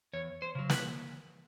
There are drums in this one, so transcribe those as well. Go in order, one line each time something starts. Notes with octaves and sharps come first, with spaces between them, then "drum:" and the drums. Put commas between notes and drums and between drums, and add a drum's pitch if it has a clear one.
E2 C#5
C5
C#3 F#3
B4, drum: snare